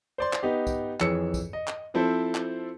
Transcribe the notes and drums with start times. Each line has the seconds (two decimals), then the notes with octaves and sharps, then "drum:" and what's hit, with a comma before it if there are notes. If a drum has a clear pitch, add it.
0.18 C5 D5 C6
0.33 drum: clap
0.43 B3 D#4 G4
0.67 drum: kick, tambourine
1.00 F2 E3 G#4 C#5 E6 C#7, drum: clap
1.34 drum: kick, tambourine
1.53 D#5
1.68 drum: clap
1.94 F3 C4 E4 A4 C5
2.35 drum: clap